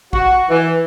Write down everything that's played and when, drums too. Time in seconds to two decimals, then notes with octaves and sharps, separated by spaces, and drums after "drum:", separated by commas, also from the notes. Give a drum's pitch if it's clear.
0.13 F#4, drum: kick
0.49 E3